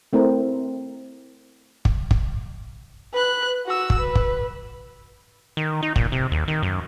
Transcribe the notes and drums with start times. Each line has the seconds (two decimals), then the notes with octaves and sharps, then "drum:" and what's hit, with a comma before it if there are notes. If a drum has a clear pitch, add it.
0.13 A3 C4 E4 A#4
1.85 drum: kick
2.11 drum: kick
3.13 B4 F#6
3.66 F#4 E6
3.90 drum: kick
4.00 B4
4.15 drum: kick
5.57 D#3
5.83 D#4
5.96 A#2, drum: kick
6.12 C3
6.32 D#2
6.48 D#3
6.63 F#2